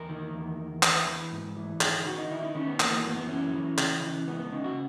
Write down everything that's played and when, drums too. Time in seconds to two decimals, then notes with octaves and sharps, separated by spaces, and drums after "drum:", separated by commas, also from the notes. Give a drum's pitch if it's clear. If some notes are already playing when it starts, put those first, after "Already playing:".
Already playing: E2 A#4
0.09 D#3
0.34 E2
0.58 E2
0.83 E3 B4, drum: clap
1.07 E3
1.32 G#2
1.57 E3
1.81 D#3 G#4, drum: clap
2.06 D#3 F#4
2.18 D#4
2.30 D#3 E4
2.43 D#4
2.55 D#3 C#4
2.67 B3
2.80 E3 A#3, drum: clap
2.92 A#3
3.04 F#2 B3
3.16 B3
3.28 E3 C#4
3.53 E3
3.78 C#3, drum: clap
4.03 E3
4.27 C#2 B3
4.39 B3
4.52 C#3 D#4
4.64 F#4